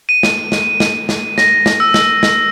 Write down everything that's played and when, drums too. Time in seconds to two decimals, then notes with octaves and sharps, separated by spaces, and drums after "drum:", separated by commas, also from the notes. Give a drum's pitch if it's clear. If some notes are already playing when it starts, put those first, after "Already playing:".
0.09 D#7
0.23 drum: snare
0.52 drum: snare
0.80 drum: snare
1.09 drum: snare
1.38 A#6, drum: snare
1.66 drum: snare
1.80 E6
1.94 drum: snare
2.23 drum: snare